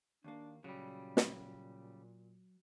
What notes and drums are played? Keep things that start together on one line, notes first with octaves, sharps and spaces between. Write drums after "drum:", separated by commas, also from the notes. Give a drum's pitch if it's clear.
D#2 A#3 D4
A#2 C#3 F#3 G3
drum: snare